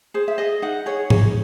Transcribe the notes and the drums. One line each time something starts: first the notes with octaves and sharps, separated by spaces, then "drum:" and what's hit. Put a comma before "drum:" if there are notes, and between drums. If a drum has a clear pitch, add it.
G#4 C5
E5
G#4 D#5
D#4 F#5
G#4 C#5
G#4, drum: tom G#2